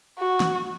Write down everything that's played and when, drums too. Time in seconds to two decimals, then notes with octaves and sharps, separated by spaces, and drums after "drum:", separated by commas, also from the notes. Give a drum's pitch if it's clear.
0.18 F#4
0.40 drum: snare